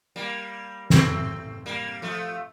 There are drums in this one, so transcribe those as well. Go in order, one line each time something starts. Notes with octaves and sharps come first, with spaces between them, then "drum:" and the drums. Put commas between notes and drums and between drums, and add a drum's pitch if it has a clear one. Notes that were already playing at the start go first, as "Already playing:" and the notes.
G3 A#3
A3 C4, drum: snare
G3 A#3
F3 A3